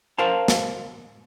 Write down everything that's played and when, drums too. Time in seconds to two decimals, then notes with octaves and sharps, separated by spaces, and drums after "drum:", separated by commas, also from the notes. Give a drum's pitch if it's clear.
0.19 A#4 C5 F5 A5
0.48 drum: snare